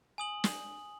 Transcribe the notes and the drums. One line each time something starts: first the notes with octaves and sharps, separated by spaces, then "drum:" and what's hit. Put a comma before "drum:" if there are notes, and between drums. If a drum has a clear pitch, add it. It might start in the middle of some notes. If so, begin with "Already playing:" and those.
G#5 D#6 F#7
drum: snare